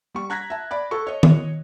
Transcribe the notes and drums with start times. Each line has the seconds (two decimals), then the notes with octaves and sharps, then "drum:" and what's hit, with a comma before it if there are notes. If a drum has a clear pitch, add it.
0.15 G3 C#6
0.30 A#5 F#6 G#6 A#6 B6
0.50 E5 A5
0.71 D5 B5
0.91 A4 C#6
1.07 C#5 D#5
1.23 drum: tom D#3